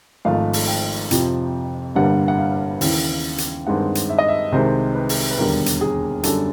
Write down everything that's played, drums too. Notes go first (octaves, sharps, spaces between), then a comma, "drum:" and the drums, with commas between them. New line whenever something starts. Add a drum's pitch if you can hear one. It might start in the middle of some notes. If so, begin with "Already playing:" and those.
G#1 G#2 F3 A3 F5
drum: open hi-hat
G5
F2 C3 F3, drum: hi-hat
G1 G2 D3 G3 A#3 F#5
F#5
F5
D#2 C#3 E3, drum: open hi-hat
drum: hi-hat
G2 D#3 G#3 C4 F#5
drum: hi-hat
E5
D#5
E5
C2 C3 D#3 G#3 C5
B4
drum: open hi-hat
B4
E1 D#2 D3 G3 A#4
drum: hi-hat
G#4
F#2 D3 G3 A4, drum: hi-hat